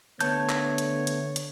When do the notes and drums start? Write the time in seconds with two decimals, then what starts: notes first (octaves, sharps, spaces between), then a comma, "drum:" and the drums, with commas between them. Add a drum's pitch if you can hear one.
0.20 D3 A3 B3 C#5 A5 G6, drum: hi-hat
0.49 drum: clap
0.78 drum: hi-hat
1.07 drum: hi-hat
1.36 drum: hi-hat